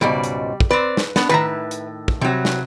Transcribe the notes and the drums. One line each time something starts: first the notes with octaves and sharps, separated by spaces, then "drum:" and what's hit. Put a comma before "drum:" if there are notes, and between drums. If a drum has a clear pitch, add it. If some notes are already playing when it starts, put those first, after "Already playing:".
C#2 G#2 B2 G3 D5
drum: hi-hat
drum: kick
C4 B4 D5
drum: snare
B3 D4, drum: snare
A2 D#3 B4 E5 A#5
drum: hi-hat
drum: kick
C3 F#3 G3
drum: snare